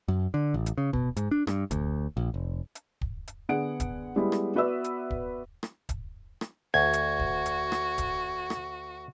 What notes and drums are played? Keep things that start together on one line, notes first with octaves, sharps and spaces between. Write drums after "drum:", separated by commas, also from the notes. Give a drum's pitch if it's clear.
F#2
D3
A1
drum: hi-hat
C#3
B2, drum: kick
G#2, drum: hi-hat
D4
G2, drum: rim click
D2, drum: kick, hi-hat
A#1
F1
drum: hi-hat
drum: kick
drum: hi-hat
D3 B3 G#4 F#5 D7
drum: kick, hi-hat
G3 G#3 B3 E4
drum: rim click
B3 F#4 B4 D5 E5 E6
drum: hi-hat
drum: kick
drum: rim click
drum: kick, hi-hat
drum: rim click
D2 F#4 G#6
drum: hi-hat
drum: kick
drum: hi-hat
drum: rim click
drum: kick, hi-hat
drum: rim click